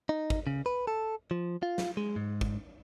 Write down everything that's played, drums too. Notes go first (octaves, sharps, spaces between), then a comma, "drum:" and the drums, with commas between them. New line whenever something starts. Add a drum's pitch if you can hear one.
D#4
drum: kick
C#3
B4
A4
F3
F4
drum: snare
G#3
G#2
drum: kick